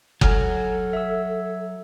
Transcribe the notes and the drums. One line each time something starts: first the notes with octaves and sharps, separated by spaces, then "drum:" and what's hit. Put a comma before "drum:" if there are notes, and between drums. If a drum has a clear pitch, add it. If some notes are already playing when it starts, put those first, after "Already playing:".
F#3 A4 G#5 F6, drum: kick F#1
E5 E6